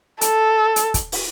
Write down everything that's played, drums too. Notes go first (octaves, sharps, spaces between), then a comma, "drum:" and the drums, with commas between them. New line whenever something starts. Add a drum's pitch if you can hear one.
A4, drum: hi-hat
drum: hi-hat
drum: kick, hi-hat
drum: open hi-hat